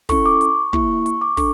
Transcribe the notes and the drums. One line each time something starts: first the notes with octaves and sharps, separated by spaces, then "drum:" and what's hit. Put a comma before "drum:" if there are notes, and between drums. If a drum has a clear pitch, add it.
C#4 E4 A4 C#6, drum: kick, open hi-hat
D6
C#6, drum: hi-hat
A#3 E4 G4 C#6, drum: kick
C#6, drum: hi-hat
D6
D4 A4 C#6, drum: kick, open hi-hat